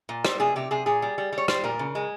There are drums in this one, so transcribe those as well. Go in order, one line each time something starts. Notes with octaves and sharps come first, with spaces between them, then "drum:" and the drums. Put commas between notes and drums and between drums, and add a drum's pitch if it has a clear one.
A#2
G3 C5, drum: rim click
C3 G#4
C3 G4
C3 G#4
A#2 G#4
G3
G3
G3
C#5
G3 C5, drum: rim click
A#2 A#4
C#3
G#3